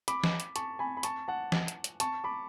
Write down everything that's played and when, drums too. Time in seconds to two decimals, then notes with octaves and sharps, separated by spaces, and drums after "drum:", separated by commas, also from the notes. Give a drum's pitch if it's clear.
0.08 B5 D6, drum: hi-hat
0.24 drum: snare
0.40 drum: hi-hat
0.56 A5 C#6, drum: hi-hat
0.79 G#5 B5
0.97 B5
1.03 A5 C#6, drum: hi-hat
1.28 F#5 A5
1.52 drum: snare
1.68 drum: hi-hat
1.84 drum: hi-hat
2.00 A5 C#6, drum: hi-hat
2.24 B5 D6